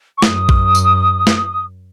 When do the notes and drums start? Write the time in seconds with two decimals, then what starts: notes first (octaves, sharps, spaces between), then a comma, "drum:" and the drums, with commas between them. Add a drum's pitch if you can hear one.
0.18 C#6
0.22 F#2 D#6, drum: snare
0.49 drum: kick A#1
0.75 drum: tambourine
1.27 drum: snare